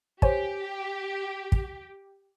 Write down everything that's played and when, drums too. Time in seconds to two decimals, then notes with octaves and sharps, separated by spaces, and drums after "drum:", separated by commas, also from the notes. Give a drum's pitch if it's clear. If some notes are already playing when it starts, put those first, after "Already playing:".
0.22 G4 C5 C#5 G#5, drum: kick
1.52 drum: kick